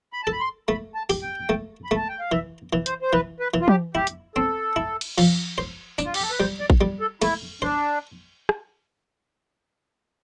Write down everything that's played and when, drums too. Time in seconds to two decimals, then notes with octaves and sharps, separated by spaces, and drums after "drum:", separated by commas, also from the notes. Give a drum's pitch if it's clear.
0.13 B5
0.23 A4 A5
0.33 B5
0.41 C6
0.68 A3 B5
0.95 A5
1.10 G4, drum: open hi-hat
1.22 G5
1.49 A3
1.84 B5
1.91 A3 A5
2.09 G5
2.20 F5
2.31 E3 E5
2.73 E3
2.86 C5, drum: hi-hat
3.02 C5
3.13 E3 B4
3.40 B4
3.54 E3
3.61 F4
3.68 G4, drum: tom
3.95 E4 G4
4.07 drum: hi-hat
4.35 C4 A4
4.76 E4
5.01 drum: cymbal
5.18 F3, drum: cymbal
5.58 C5
5.98 D4, drum: tambourine
6.05 F4
6.14 G4, drum: cymbal
6.22 A4
6.31 B4
6.39 G3 C5
6.60 D5
6.70 drum: kick A1
6.81 G3
7.00 A4
7.22 A3 E4, drum: cymbal
7.62 D4 C5
8.49 drum: rim click